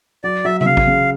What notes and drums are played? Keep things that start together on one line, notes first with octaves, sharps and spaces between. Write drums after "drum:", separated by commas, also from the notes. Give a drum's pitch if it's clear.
F#3 D5
F#3 E5
E5, drum: tom C3
C#3 F5
drum: kick G#1
C#3